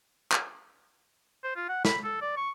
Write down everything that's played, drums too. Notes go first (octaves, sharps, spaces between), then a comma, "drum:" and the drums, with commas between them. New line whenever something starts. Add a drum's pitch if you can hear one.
drum: clap
C5
F4
F#5
B5, drum: snare
A4
D5
C#6